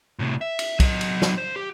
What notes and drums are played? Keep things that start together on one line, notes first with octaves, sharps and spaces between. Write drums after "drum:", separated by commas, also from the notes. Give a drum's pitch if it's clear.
A2 C3
E5
drum: cymbal
F#3 D#5, drum: kick B1, cymbal
drum: cymbal
drum: snare
C5
G4